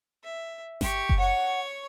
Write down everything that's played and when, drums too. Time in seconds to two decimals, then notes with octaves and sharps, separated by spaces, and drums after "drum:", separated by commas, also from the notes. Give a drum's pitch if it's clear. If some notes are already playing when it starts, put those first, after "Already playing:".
0.24 E5
0.81 G4 C#6, drum: snare G1
1.09 drum: kick F#1
1.19 C#5 F#5 C#6